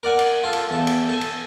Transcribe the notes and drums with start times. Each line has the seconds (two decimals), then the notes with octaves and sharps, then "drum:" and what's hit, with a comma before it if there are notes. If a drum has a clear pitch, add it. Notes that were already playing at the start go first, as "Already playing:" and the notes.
0.03 A#4 D5 F#5 G#5
0.19 drum: cymbal
0.44 F4 A4
0.53 drum: cymbal
0.70 E2 A4
0.87 drum: cymbal
1.09 A4 G#5
1.21 drum: cymbal